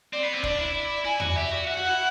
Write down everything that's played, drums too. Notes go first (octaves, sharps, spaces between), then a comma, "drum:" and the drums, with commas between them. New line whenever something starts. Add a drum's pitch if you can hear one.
C4 D5
B3
C4
D4 D5, drum: kick
E4
E4 G#5
F#4 D5, drum: tom E2
G4 E5
F#4
F#4 F#5
F#4
E4